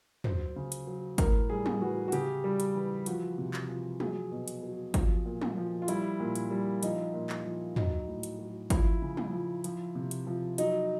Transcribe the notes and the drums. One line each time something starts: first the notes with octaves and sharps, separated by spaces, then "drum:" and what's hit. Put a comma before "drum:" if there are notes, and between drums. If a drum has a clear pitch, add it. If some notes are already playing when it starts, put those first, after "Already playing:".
F#3 C5, drum: tom
C#3
drum: hi-hat
F#3
A2 A#4, drum: kick, hi-hat
G3 G#4
drum: tom
E3 F#4
F#4
C#3 G4, drum: hi-hat
G3
drum: hi-hat
E3
F3 F#4, drum: hi-hat
C3
drum: clap
F3
F#3 G#4, drum: tom
B2
drum: hi-hat
F#3
F3, drum: kick, hi-hat
A#2
drum: tom
F3
F4
G3 E4, drum: hi-hat
A#2
drum: hi-hat
G3
F3 D#4, drum: hi-hat
A#2
drum: clap
F3
F#3 D#4, drum: tom
A2
drum: hi-hat
F#3
F3 E4, drum: kick, hi-hat
C#3
drum: tom
F3
F3, drum: hi-hat
C3
drum: hi-hat
F3
F#3 D#4, drum: hi-hat